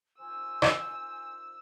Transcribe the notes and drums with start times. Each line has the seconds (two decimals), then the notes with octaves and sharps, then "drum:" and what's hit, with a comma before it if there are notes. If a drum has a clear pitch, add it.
0.20 D#3 F4 C5 G#5 E6
0.62 drum: rim click